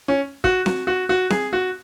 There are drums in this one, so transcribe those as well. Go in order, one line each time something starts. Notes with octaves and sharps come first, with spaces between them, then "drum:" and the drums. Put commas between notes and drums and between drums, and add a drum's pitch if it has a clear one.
C#4
F#4, drum: kick
F#4, drum: snare C4
F#4
F#4
G#4, drum: snare C4
F#4